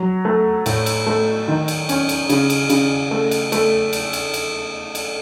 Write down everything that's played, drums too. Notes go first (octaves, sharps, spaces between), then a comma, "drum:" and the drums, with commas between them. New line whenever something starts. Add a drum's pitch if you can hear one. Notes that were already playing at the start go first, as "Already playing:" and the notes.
Already playing: F#3
A3
A2, drum: cymbal
drum: cymbal
A3
D#3
drum: cymbal
C#4, drum: cymbal
drum: cymbal
C#3, drum: cymbal
drum: cymbal
C#3, drum: cymbal
A3
drum: cymbal
A3, drum: cymbal
drum: cymbal
drum: cymbal
drum: cymbal
drum: cymbal